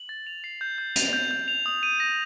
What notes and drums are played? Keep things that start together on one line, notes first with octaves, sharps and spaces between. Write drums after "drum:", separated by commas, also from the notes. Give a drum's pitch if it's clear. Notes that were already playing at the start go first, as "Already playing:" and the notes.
Already playing: F#7
A6
F7
C7
G6
G6
F7, drum: hi-hat
G6
G6
F7
D#6
D#7
A#6